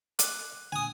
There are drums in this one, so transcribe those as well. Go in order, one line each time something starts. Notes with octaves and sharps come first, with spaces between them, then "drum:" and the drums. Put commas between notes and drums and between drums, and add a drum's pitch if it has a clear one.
D6 F#6, drum: hi-hat
A#2 D3 G#5 D#6